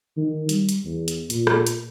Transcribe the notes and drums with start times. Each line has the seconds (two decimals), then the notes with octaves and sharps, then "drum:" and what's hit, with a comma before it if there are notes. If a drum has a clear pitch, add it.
0.17 D#3
0.49 G3, drum: hi-hat
0.69 drum: hi-hat
0.85 E2
1.08 drum: hi-hat
1.30 A#2, drum: hi-hat
1.47 drum: rim click
1.67 drum: hi-hat